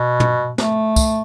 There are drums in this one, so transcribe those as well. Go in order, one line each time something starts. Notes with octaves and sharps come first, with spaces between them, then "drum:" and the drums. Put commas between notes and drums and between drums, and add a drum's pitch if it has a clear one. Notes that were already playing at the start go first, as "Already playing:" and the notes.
Already playing: B2
drum: tom
A3, drum: snare
drum: kick, tambourine